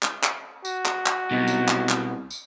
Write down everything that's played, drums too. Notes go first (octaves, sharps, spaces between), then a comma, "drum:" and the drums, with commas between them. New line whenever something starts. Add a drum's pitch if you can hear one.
drum: clap
drum: clap
F#4, drum: tambourine
drum: clap
drum: clap
C2 B2 D#4
drum: tambourine
drum: clap
drum: clap
drum: tambourine